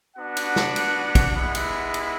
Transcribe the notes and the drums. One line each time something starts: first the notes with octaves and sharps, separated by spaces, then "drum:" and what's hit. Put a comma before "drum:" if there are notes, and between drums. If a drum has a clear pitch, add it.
B3 D4 F#4 F#5
drum: cymbal
drum: snare
drum: cymbal
drum: kick, cymbal
G#3 B3 E4
drum: cymbal
drum: cymbal